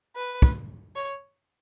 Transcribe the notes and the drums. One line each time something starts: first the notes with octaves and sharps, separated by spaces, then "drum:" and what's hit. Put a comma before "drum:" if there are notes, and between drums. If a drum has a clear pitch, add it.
B4
drum: kick
C#5